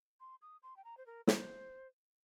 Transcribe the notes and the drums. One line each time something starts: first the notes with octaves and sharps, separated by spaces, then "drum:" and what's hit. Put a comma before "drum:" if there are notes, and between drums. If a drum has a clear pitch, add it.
C6
D#6
C6
G5
A#5
C5
A#4
C5, drum: snare